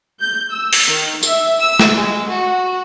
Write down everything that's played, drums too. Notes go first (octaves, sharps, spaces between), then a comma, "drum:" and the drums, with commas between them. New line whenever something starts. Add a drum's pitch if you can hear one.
G6
E6
drum: open hi-hat
D#3
E5, drum: tambourine
E6
drum: snare
G#3
F#4